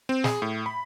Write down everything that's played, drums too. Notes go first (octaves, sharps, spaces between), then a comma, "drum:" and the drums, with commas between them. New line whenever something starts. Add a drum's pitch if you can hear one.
C4
G#4, drum: snare
A2
B5